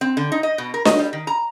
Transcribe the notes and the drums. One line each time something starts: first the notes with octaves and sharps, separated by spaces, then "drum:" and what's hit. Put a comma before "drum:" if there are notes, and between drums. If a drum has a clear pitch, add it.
C4
D3
D#4
D#5
B2
A#4
D#5, drum: snare D4
G3
D#3
A#5